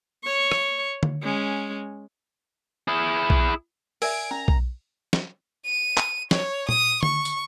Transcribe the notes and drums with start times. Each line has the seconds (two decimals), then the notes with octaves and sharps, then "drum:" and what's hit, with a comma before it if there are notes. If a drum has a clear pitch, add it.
0.24 C#5 C#6
0.52 drum: rim click
1.03 drum: tom D3
1.22 G#3 C#4
2.88 E4 G#4
3.30 drum: kick B1
4.02 A#4 D5 E5 G#5 D7, drum: open hi-hat
4.31 C#4 A#5
4.48 drum: kick B1
5.13 drum: snare
5.66 D#7
5.97 drum: clap
6.31 C#5, drum: snare
6.69 D#6, drum: tom A#2
7.03 C#6, drum: tom D3
7.25 drum: tambourine